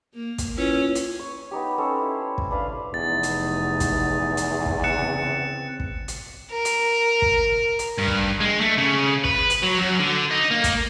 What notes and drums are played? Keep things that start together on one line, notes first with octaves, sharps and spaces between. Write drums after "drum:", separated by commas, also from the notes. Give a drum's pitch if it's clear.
A#3
drum: kick, hi-hat
C#4 E4 F4 B4
drum: hi-hat
C#5
B3 D#4 G4
C#4 A4 C5 C#5
E4
drum: kick
D4 B4 F5
F1 E2 D#4 A6
drum: hi-hat
drum: kick, hi-hat
drum: hi-hat
drum: kick
C#3 C4 F#6 C#7 E7
drum: kick
drum: hi-hat
A#4
drum: hi-hat
drum: kick
drum: hi-hat
G2
drum: kick
G#3
A3
C#3
B4, drum: kick
drum: hi-hat
F#3
F#2
D3
D#4
A#3
drum: kick, hi-hat